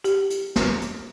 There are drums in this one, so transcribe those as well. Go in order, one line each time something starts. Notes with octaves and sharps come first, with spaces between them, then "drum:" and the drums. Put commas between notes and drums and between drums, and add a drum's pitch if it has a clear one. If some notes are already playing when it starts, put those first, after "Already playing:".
G4, drum: hi-hat
drum: hi-hat
drum: snare
drum: hi-hat